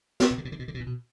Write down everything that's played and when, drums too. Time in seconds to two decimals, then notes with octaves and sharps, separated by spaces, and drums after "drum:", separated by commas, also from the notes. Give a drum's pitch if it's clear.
0.20 drum: snare
0.31 B2
0.38 D3
0.45 B2
0.52 D3
0.59 B2
0.68 D3
0.74 B2
0.80 A#2
0.87 B2